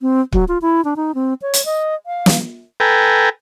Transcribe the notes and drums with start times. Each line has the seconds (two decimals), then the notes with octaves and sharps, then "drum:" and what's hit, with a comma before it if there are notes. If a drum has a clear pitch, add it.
0.02 C4
0.33 F#3, drum: kick
0.48 F4
0.62 E4
0.85 D4
0.96 D#4
1.15 C4
1.42 C#5
1.54 drum: hi-hat
1.65 D#5
2.06 F5
2.26 drum: snare
2.80 A4 B4 G5 G#5 A#5